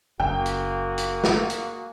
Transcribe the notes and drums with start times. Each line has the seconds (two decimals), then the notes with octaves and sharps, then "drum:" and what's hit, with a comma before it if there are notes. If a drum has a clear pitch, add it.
0.20 F#1 F#2 A#3 F#4 G#4 G5
0.46 drum: hi-hat
0.98 drum: hi-hat
1.24 drum: snare
1.50 drum: hi-hat